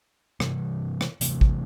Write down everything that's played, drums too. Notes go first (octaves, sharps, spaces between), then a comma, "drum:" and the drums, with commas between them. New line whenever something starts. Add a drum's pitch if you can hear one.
C3 E3 G3, drum: rim click
drum: rim click
C3 E3 A3, drum: hi-hat
drum: kick